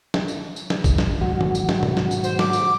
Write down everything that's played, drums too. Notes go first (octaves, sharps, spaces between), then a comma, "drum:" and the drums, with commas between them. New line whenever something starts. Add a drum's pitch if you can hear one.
drum: snare
drum: tambourine
drum: tambourine
drum: snare
drum: kick G#1, tambourine
drum: snare
G#2 D#3 F#3 F#4
drum: tom E3
drum: tambourine
drum: snare
drum: tom B2
drum: snare
drum: tambourine
C5, drum: tambourine
D6, drum: snare
drum: tambourine